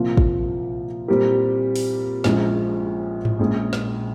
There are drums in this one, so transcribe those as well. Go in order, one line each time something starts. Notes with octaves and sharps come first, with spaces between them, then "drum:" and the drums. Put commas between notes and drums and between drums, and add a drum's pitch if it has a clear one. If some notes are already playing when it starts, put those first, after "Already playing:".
Already playing: C2 A#2 F3 A#3 F4
drum: kick
A#2 G3 C4 G4 A#4
drum: open hi-hat
A#1 A#2 F3 G#3 C#4, drum: snare
drum: tom G#2
A#1 A#2 G#3 C#4 G#4
drum: snare